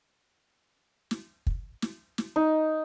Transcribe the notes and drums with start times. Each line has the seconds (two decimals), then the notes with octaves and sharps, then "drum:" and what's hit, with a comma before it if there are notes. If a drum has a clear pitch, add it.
1.11 drum: snare
1.47 drum: kick
1.82 drum: snare
2.18 drum: snare
2.36 D#4